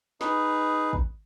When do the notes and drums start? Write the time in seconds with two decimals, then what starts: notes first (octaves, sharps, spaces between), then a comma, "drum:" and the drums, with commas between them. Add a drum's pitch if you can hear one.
0.21 D#4 G#4 B4, drum: snare
0.93 drum: kick